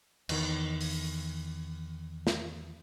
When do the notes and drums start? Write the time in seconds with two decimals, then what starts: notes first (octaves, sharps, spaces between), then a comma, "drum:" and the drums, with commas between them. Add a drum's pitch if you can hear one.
0.29 E2 D#3, drum: cymbal
0.81 drum: open hi-hat
2.27 drum: snare